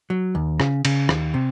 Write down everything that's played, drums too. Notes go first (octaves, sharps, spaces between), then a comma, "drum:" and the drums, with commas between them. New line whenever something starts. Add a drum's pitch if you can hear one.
F#3
D#2
C#3, drum: rim click
C#3, drum: cymbal
D#2, drum: rim click
C3